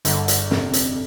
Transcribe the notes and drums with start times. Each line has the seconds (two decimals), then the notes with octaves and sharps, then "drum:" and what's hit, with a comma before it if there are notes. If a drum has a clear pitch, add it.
0.05 G1 D3, drum: hi-hat
0.28 drum: hi-hat
0.51 F2 C3, drum: snare
0.73 drum: hi-hat